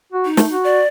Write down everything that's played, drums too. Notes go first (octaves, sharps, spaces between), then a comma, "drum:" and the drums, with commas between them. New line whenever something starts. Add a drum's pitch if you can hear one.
F#4
D#4
A3, drum: snare
F#4
D5